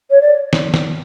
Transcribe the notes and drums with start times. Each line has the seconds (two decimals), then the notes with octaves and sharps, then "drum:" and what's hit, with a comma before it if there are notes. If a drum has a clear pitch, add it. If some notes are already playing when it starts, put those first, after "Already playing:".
0.10 C#5
0.21 D5
0.53 drum: snare
0.74 drum: snare